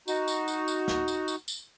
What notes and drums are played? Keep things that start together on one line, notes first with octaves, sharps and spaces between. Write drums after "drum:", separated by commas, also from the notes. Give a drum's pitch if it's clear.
D#4 F#4, drum: tambourine
drum: tambourine
drum: tambourine
drum: tambourine
drum: snare
drum: tambourine
drum: tambourine
drum: tambourine